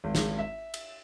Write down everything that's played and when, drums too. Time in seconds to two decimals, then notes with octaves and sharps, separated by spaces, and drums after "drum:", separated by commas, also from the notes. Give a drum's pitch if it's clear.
0.04 G#1
0.15 drum: snare
0.39 E5
0.74 drum: cymbal